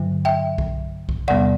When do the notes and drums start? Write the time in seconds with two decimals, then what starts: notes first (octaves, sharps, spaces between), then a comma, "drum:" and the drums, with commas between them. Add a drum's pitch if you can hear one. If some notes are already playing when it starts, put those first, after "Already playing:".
Already playing: G2 D3 F#3
0.25 E5 G5
0.58 drum: kick B1
1.09 drum: kick B1
1.28 E2 C3 G3 B3 D5 F#5